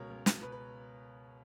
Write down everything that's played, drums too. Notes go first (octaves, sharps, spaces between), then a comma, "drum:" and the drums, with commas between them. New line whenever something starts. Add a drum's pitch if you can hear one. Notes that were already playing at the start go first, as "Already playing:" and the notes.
Already playing: C#2 B2 A#4 C#5
C#2
B2, drum: snare
B2 B4
B4